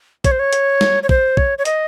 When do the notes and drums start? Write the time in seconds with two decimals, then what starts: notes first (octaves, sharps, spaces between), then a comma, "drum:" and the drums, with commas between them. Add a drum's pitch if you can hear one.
0.24 C#5, drum: kick, hi-hat
0.31 C5
0.39 C#5
0.53 drum: hi-hat
0.81 drum: snare
1.03 C#5
1.09 C5, drum: kick
1.37 C#5, drum: kick
1.58 C#5
1.65 D#5, drum: hi-hat